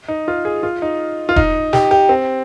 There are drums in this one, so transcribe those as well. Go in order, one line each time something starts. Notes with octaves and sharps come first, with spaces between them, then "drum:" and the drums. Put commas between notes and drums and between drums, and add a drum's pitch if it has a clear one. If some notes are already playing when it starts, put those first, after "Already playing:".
D#4
F4
G#4
F4
D#4
F4
D#4, drum: kick E1
G4, drum: snare
G4
C4